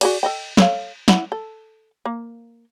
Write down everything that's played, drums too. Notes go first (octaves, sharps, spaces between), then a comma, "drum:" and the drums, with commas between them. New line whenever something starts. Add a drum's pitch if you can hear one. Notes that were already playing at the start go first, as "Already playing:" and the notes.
F#4 G#4 D5, drum: cymbal
A4 D#5 G5
A4 C#5 F5, drum: snare
E4 F#5, drum: snare
A4
A#3